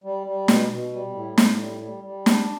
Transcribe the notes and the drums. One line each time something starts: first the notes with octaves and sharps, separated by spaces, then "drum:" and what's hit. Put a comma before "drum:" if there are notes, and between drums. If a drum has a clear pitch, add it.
G3
G3
B2, drum: snare
B2
G3
A2
A2, drum: snare
G3
G3
G3
D4, drum: snare